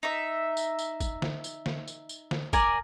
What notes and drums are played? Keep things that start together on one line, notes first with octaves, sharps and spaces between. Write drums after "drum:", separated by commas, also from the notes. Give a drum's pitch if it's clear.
D#4 E5
drum: tambourine
drum: tambourine
drum: kick, tambourine
drum: snare D3
drum: tambourine
drum: snare D3
drum: tambourine
drum: tambourine
drum: snare D3
A#4 D5 G#5, drum: kick, tambourine